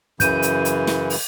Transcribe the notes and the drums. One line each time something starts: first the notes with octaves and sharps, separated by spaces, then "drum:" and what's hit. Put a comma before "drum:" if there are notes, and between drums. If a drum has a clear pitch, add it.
F#2 C#3 E3 G6 D#7, drum: kick, hi-hat
drum: hi-hat
drum: hi-hat
drum: snare
drum: open hi-hat